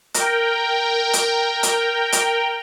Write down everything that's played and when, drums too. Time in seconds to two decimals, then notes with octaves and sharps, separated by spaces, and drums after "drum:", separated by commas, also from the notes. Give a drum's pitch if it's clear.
0.14 A#4 G5, drum: hi-hat
1.13 drum: hi-hat
1.63 drum: hi-hat
2.12 drum: hi-hat